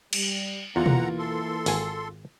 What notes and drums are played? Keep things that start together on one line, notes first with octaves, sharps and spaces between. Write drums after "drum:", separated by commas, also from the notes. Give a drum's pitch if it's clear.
G3, drum: cymbal
E2 D3 E3 A#3 F4 F#5 A#5
drum: tom B2
A4 C6
G#1 G#5, drum: open hi-hat